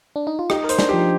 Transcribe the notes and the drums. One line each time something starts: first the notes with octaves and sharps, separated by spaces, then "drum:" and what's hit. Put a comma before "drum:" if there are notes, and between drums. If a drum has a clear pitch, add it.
D4
D#4
F4
D#4 G4, drum: rim click
A#4
C5, drum: hi-hat
D4, drum: snare
F3 G4